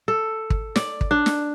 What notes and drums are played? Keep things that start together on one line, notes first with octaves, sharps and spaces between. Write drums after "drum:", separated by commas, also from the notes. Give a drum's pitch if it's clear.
A4
drum: kick
D5, drum: snare
drum: kick
D4
drum: snare